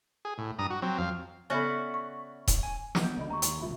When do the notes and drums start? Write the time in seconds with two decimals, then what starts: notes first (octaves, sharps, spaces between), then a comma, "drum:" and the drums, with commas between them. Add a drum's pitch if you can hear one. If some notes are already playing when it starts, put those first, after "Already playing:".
0.25 G#4
0.38 A2
0.59 G2 A#5 D#6
0.70 F#4
0.82 F#3 C4
0.98 F2 F5
1.50 C#3 B3 C#4 F#4 A4 D5 E5 B5
1.94 C#6
2.48 drum: kick D#1, hi-hat
2.63 G#5
2.95 drum: snare
3.04 B3 G6 D7
3.17 C#2 D3 D5 D#5 B5
3.30 D#2 A#5 C6 C#6
3.42 drum: hi-hat
3.61 E1 C2 F4 E5 B5